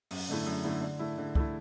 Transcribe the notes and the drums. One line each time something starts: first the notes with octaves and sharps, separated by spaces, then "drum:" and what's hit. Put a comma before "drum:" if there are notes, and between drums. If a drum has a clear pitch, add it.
F#2, drum: open hi-hat
D3 A3 E4
F#2
D3 A3 E4
D3
A3 E4
D3
A3 E4, drum: kick C2